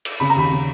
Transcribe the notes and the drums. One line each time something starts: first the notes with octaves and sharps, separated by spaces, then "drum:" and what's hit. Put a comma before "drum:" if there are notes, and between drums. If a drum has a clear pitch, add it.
drum: cymbal
C#3 B5
A#5
D#2 B5
C#3